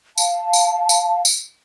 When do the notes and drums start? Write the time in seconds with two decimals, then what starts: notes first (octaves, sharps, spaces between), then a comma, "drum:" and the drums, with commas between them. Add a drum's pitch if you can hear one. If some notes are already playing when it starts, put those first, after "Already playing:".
0.18 F5 A5, drum: tambourine
0.53 drum: tambourine
0.89 drum: tambourine
1.25 drum: tambourine